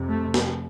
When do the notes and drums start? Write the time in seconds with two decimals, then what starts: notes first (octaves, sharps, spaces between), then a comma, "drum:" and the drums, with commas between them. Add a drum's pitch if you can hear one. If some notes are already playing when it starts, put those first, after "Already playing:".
Already playing: F2 C3
0.08 A3
0.34 drum: snare